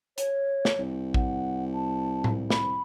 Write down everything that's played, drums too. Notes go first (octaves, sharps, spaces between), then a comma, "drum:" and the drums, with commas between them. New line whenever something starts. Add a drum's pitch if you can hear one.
C#5, drum: hi-hat
drum: snare
C2
F#5, drum: kick A1
A5
drum: tom A2
B5, drum: snare